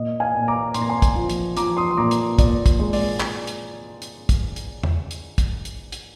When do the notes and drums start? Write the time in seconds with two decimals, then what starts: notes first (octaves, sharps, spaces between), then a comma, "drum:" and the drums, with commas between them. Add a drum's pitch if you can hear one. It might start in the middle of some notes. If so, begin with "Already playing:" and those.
Already playing: A#2 D#5
0.20 F5 G#5
0.35 A#2
0.48 A#5 D6
0.74 A#2 C6, drum: hi-hat
0.82 A#5
0.89 G#5 C6
1.02 drum: kick, hi-hat
1.16 F3
1.29 drum: hi-hat
1.57 F3 A#5 D6, drum: hi-hat
1.77 C6 D#6
1.91 C6
1.97 A#2 A#5 D6
2.11 drum: hi-hat
2.38 A#2 D5, drum: kick, hi-hat
2.66 drum: kick, hi-hat
2.79 G#3
2.93 D5, drum: open hi-hat
3.20 drum: clap
3.47 drum: hi-hat
4.02 drum: hi-hat
4.29 drum: kick, hi-hat
4.56 drum: hi-hat
4.83 drum: tom
5.11 drum: hi-hat
5.38 drum: kick, hi-hat
5.65 drum: hi-hat
5.92 drum: hi-hat